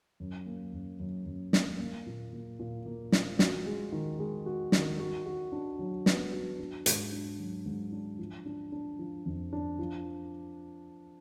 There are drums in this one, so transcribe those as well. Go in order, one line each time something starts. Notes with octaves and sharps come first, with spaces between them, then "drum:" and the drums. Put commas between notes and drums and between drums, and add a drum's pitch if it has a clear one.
F#2
A#3
F#2
F#2
F#2
A#3, drum: snare
A#3
A#2
A#3
A#2
A#3
F3, drum: snare
F#4, drum: snare
G#3
D#3
G#3
F#4
D#3, drum: snare
F#4
F#4
D4
F#3
B3, drum: snare
F#4
D4
G#2, drum: hi-hat
D4
F#3
G#2
D4
F3
D4
D4
F3
F2
D4
F3